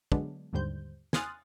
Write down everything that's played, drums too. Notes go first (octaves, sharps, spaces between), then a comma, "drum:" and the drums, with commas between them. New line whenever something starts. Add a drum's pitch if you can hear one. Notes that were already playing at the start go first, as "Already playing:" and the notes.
D3 F#3 G#3 B3 D4, drum: kick
D#2 G#2 D3 G3 C5 G6
G#5 C6 D#6 F6 F#6 A6, drum: snare